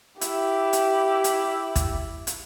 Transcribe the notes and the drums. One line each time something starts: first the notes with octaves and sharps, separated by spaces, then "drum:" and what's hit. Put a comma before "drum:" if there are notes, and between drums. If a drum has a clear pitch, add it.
E4 G4 E5, drum: hi-hat
drum: hi-hat
drum: hi-hat
drum: kick, hi-hat
drum: hi-hat